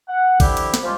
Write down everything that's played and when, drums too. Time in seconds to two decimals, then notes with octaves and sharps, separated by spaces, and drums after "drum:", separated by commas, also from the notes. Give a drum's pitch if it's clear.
0.09 F#5
0.40 D3 D#3 F3 E4 G4, drum: kick A#1, cymbal
0.57 drum: cymbal
0.74 drum: snare
0.84 F3 G3 G#3 C#4 F4 G4